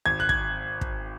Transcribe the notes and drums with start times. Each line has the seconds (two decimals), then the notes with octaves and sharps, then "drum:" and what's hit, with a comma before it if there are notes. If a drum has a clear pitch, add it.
0.05 G#1 G#6
0.20 F#6
0.29 G#6, drum: kick
0.81 drum: kick